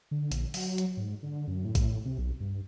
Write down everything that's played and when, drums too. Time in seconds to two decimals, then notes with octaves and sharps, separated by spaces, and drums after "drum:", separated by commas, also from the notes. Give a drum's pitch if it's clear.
0.11 D3
0.32 A#1, drum: hi-hat
0.54 F#3, drum: open hi-hat
0.78 drum: hi-hat
0.97 G#2
1.23 D3
1.48 F#2
1.65 A2
1.75 drum: kick A#1, hi-hat
2.05 C3
2.18 B1
2.40 G2